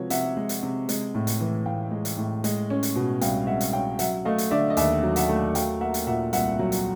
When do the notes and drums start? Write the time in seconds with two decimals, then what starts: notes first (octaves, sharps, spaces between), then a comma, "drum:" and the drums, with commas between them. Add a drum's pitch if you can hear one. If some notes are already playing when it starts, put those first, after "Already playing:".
Already playing: C3 F3 G#3 F#4 B4 C#5
0.10 C3 E5 F#5, drum: hi-hat
0.37 G#3
0.49 drum: hi-hat
0.63 C3
0.89 G#3, drum: hi-hat
1.15 A2
1.27 drum: hi-hat
1.41 E3
1.66 A2 F5 G5
1.91 G#3
2.05 drum: hi-hat
2.17 A2
2.44 G#3, drum: hi-hat
2.70 C#4
2.83 drum: hi-hat
2.96 B2
3.21 C2 F5 G5, drum: hi-hat
3.47 G#3 E5 F#5
3.61 drum: hi-hat
3.73 C#4 F5 G5
3.99 F#3 E5 F#5, drum: hi-hat
4.25 A3 D#5 F5
4.38 drum: hi-hat
4.51 D3 D5 E5
4.70 D#5
4.77 D#2 D5 E5, drum: hi-hat
5.03 F#3
5.16 E5 F#5, drum: hi-hat
5.29 A3
5.55 F#3 F5 G5, drum: hi-hat
5.81 A#3 E5 F#5
5.94 drum: hi-hat
6.07 A#2 E5 F#5
6.33 C2 E5 F#5, drum: hi-hat
6.59 F#3
6.72 drum: hi-hat